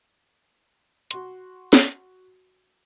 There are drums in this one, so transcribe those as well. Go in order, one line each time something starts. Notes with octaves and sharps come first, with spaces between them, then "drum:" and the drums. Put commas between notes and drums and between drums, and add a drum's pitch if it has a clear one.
F#4 C6, drum: hi-hat
drum: snare